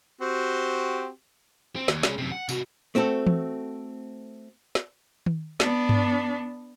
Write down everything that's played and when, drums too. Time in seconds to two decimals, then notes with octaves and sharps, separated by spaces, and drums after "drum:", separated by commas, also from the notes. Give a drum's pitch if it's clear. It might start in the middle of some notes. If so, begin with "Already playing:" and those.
0.21 C4 F#4 G4
1.76 C4
1.88 D#2, drum: snare
2.03 G#3 C#4, drum: snare
2.18 F#2 C3
2.32 F#5
2.49 C3 F#4, drum: tambourine
2.95 A3 C4 F#4 A4
3.27 drum: tom E3
4.75 drum: snare
5.26 drum: tom D#3
5.60 B3 D4, drum: snare
5.89 drum: tom G2